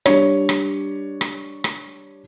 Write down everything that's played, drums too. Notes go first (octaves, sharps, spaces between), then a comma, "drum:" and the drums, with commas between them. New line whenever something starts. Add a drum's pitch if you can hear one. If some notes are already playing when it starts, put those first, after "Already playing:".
G3 D4 C#5, drum: rim click
drum: rim click
drum: rim click
drum: rim click